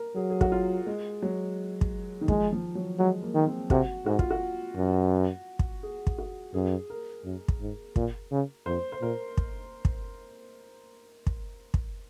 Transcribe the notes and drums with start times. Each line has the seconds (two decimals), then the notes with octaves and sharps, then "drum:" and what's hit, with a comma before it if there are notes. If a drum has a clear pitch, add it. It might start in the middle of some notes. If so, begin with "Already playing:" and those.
Already playing: A#4
0.15 F#3 G#4
0.30 G#4
0.41 F#4, drum: kick
0.52 F4
0.87 G#3
1.22 F#3
1.81 drum: kick
2.21 D#3
2.28 F3 G#3, drum: kick
2.52 F3
2.75 F#3
2.99 F#3 G#3
3.22 A#3
3.34 D#3
3.47 C4
3.70 C3 F#4, drum: kick
4.06 G#2 F#4
4.19 F4, drum: kick
4.31 F#4
4.76 F#2
5.59 drum: kick
5.83 G#4
6.07 drum: kick
6.18 F#4
6.54 F#2 G#4
6.90 A#4
7.24 F#2
7.48 drum: kick
7.60 G#2
7.96 A#2, drum: kick
8.31 C#3
8.66 F2 C5
8.92 C5
9.01 A#2 A#4
9.37 drum: kick
9.85 drum: kick
11.27 drum: kick
11.74 drum: kick